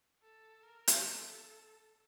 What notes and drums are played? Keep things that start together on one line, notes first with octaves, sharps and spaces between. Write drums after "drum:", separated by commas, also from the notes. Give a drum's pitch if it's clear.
A4
A#4
drum: hi-hat
A4